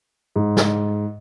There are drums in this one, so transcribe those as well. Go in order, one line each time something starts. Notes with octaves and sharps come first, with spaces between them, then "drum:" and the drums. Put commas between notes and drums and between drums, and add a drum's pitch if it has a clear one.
G#2
drum: snare